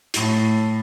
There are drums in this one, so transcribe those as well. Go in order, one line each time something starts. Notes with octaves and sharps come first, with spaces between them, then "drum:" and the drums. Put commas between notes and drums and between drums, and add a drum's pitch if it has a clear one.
A2, drum: hi-hat